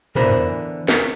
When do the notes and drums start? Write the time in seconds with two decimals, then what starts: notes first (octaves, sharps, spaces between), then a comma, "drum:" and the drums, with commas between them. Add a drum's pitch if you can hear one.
0.15 D3 E3 B3 A#4 C5 B5, drum: tom
0.89 A#4, drum: snare